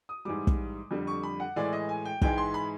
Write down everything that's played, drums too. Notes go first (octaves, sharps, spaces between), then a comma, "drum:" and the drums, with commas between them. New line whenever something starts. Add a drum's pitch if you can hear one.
D#6
G#2 E3 G3 D6
drum: kick
F2 D3 G3
C#6
B5
F#5
A2 E3 G#3 D5
D#5
G#5
G5
G#2 E3 G#3 G5, drum: kick
C6
B5